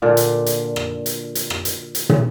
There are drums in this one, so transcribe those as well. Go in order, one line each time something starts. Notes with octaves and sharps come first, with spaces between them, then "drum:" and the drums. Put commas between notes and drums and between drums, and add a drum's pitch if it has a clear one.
A#2 D3 D4 F4
drum: hi-hat
drum: hi-hat
drum: rim click
drum: hi-hat
drum: hi-hat
drum: rim click
drum: hi-hat
drum: hi-hat
drum: tom